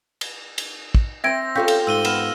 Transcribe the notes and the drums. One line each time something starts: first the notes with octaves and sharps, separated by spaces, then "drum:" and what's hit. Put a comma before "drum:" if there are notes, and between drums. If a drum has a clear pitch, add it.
drum: cymbal
drum: cymbal
drum: kick
C4 C5 E5 G#6 A#6 D7
C#4 F4 G4 A4 C#5 F5 G6 B6
drum: cymbal
G#2 E6 D#7 G7
B3 F6 E7, drum: cymbal